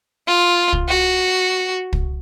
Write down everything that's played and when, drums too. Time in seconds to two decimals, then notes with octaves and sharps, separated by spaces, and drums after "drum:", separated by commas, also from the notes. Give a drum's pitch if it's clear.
0.27 F4
0.73 drum: kick
0.87 F#4
1.93 drum: kick